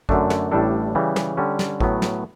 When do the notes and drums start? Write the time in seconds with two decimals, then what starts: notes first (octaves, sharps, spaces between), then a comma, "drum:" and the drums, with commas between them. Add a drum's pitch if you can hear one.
0.09 F#2 D3 A3 D4, drum: kick G#1
0.30 drum: snare
0.51 A1 A2 G3 D4 A4
0.95 C#3 E3 G3
1.16 drum: snare
1.37 D3 G3 C#4
1.59 drum: snare
1.81 A2 F#3 B3, drum: kick G#1
2.02 drum: snare